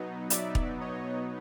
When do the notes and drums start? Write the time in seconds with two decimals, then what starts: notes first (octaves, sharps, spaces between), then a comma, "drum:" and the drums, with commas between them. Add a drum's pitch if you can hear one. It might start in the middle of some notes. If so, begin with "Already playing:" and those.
Already playing: B2 F#3 B3 D#4
0.30 D5 E5, drum: hi-hat
0.55 drum: kick
0.81 C#5 D#5